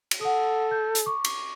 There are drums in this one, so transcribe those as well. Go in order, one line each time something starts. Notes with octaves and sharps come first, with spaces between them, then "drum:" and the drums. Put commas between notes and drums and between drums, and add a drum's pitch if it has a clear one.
drum: cymbal
A4 F#5 D#6
G6
drum: hi-hat
C#6 D6
drum: cymbal